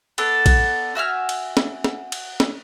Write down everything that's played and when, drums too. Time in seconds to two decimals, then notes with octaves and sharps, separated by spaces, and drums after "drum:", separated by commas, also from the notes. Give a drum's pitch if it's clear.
0.18 B3 D4 A4, drum: cymbal
0.46 drum: kick A#1, cymbal
0.95 F#4 E5 G#5 F6
1.29 drum: cymbal
1.57 drum: snare
1.84 drum: snare
2.12 drum: cymbal
2.40 drum: snare